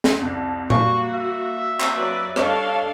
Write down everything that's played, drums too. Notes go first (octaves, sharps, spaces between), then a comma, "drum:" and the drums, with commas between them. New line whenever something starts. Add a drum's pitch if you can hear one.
drum: snare
C2 F2
G3 A#3 F#4 C#6, drum: tom A#2
E5
drum: clap
F#3 B4 D5
G3 D4 A4 C#5 D#5 F5, drum: rim click